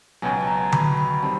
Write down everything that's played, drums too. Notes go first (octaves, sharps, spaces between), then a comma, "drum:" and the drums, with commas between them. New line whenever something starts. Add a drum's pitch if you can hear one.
C#2 B2 F#3 G#5
A5
A#5
B5, drum: tom D3
B5
D#3 G3 C4 A5